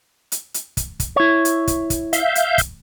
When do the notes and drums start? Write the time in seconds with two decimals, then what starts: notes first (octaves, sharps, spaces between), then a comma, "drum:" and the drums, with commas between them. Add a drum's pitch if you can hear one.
0.32 drum: hi-hat
0.54 drum: hi-hat
0.77 drum: kick, hi-hat
1.00 drum: kick, hi-hat
1.16 E4 C#5
1.45 drum: hi-hat
1.67 drum: kick, hi-hat
1.90 drum: kick, hi-hat
2.13 E5 F5 G6, drum: hi-hat
2.35 drum: hi-hat
2.58 drum: kick, hi-hat